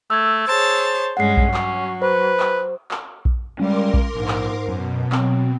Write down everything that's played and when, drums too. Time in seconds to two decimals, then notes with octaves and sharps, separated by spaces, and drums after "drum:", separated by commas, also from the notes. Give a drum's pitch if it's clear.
0.10 A3 E6 G#6
0.47 G#4 C5 C#5 A5
1.17 G2 G#3 C#4 F#5 C7
1.37 drum: kick A#1
1.54 F#3 C#4, drum: clap
2.02 B4 C5
2.40 drum: clap
2.91 drum: clap
3.25 drum: kick A#1
3.60 G3 G#3 C#4 A#4 C6 D6
3.94 drum: kick A#1
4.15 A#1 G#2
4.28 drum: clap
4.68 F#2 B2
5.12 F#3 C4, drum: clap